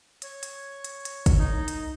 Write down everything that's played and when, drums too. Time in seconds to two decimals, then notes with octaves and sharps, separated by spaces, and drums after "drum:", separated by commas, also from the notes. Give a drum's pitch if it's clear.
0.22 C#5, drum: hi-hat
0.43 drum: hi-hat
0.84 drum: hi-hat
1.05 drum: hi-hat
1.26 drum: kick, hi-hat
1.38 C2 D#4
1.68 drum: hi-hat